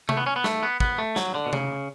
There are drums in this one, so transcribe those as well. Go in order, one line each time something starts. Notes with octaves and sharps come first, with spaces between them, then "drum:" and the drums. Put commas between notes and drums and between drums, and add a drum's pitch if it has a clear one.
A3, drum: tom C3
B3
C#4
B3
A3, drum: snare
B3
B3, drum: kick
A3
F#3, drum: snare
D3
B2
C#3, drum: tom C3